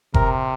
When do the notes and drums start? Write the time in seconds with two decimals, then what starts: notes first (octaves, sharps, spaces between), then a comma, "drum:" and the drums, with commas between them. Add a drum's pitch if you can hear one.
0.14 C3 A#4, drum: kick F#1